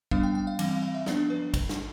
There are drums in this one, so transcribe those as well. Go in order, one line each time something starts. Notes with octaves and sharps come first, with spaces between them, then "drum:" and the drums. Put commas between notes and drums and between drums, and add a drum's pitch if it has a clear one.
G3 B3 D4 F5, drum: kick
G5
G5
F5
E3 G3 C4 F5, drum: cymbal
F5
F5
E5
F3 B3 D4 D5, drum: snare
B4
drum: kick, cymbal
drum: snare